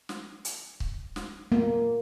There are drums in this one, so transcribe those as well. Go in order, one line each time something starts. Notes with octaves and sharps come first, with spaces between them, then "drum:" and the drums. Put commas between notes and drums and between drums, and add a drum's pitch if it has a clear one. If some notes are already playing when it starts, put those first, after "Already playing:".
drum: snare
drum: hi-hat
drum: kick C#1
drum: snare
A#3